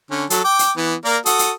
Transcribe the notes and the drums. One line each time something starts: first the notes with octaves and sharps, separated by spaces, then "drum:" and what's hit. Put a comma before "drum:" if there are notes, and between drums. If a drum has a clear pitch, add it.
D3 C#4
F#3 A4, drum: hi-hat
G5 D6
drum: hi-hat
E3 B3
A#3 A#4 D5
F#4 A4 D#6, drum: hi-hat
drum: hi-hat